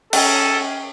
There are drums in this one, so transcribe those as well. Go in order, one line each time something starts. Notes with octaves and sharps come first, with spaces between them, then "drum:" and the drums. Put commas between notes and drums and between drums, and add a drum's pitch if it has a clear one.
C#4 A4, drum: cymbal